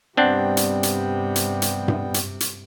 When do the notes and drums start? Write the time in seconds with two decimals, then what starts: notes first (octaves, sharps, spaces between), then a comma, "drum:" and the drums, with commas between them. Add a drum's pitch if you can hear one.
0.17 G2 C3 G3 B3 C4 D4 F#5 G5
0.57 drum: hi-hat
0.83 drum: hi-hat
1.36 drum: hi-hat
1.62 drum: hi-hat
1.88 drum: tom G2
2.14 drum: hi-hat
2.40 drum: hi-hat